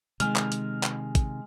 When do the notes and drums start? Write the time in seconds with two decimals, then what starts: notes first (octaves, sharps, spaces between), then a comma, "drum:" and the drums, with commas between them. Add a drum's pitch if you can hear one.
0.20 C3 D#3 G#3 F6, drum: hi-hat
0.36 drum: clap
0.52 drum: hi-hat
0.83 drum: clap
1.15 drum: kick, hi-hat